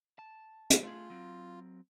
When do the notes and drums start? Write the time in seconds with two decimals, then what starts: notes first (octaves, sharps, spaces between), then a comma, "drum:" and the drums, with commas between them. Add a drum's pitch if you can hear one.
0.19 A5
0.70 drum: hi-hat
0.83 A3 F4 G#4
1.10 F#3 C4